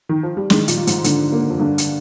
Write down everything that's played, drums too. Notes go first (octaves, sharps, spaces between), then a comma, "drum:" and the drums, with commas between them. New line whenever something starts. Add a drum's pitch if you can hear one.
D#3
F3
G3
D#3 G#3, drum: snare
A#2, drum: hi-hat
F4
G#2, drum: hi-hat
G#2 D3, drum: hi-hat
A#3
F2
G2 D3
drum: hi-hat